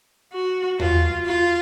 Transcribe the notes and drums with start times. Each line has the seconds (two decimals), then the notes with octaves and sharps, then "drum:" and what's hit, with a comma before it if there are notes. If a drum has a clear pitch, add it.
0.33 F#4
0.80 F4, drum: tom E2
1.26 F4